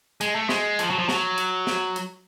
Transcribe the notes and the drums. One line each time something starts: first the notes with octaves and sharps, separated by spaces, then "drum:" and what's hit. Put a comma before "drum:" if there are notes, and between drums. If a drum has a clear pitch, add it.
G#3, drum: hi-hat
A3
G#3, drum: snare
F3, drum: hi-hat
F#3
F3
F#3, drum: snare
drum: hi-hat
drum: snare
drum: hi-hat